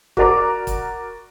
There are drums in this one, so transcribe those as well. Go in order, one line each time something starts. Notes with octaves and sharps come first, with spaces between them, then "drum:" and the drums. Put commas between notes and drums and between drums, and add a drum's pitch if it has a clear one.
F#4 A#4 D5 A#5 D6, drum: kick
drum: kick, hi-hat